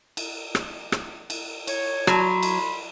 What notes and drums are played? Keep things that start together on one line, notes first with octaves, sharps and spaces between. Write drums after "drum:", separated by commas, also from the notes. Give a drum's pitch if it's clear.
drum: cymbal
drum: rim click
drum: rim click
drum: cymbal
C#5, drum: cymbal
F#3 B5 C6, drum: rim click
drum: cymbal